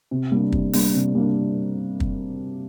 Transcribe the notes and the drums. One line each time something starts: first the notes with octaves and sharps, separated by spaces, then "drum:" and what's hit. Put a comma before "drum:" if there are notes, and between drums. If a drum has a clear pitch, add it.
C3
G3 A#3 D4
C3, drum: kick
G3 A#3 D4, drum: open hi-hat
C3
G3 A#3 D4
drum: kick